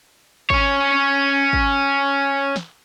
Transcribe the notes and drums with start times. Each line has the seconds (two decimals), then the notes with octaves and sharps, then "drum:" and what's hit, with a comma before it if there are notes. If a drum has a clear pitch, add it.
0.50 C#4 C#5, drum: kick
1.53 drum: kick
2.56 drum: snare